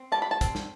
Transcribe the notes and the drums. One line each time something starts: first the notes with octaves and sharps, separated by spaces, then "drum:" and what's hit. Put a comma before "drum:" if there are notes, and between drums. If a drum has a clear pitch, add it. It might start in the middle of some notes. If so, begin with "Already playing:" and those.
Already playing: C4
G3 A5
B5
A5
C4, drum: kick, hi-hat
drum: snare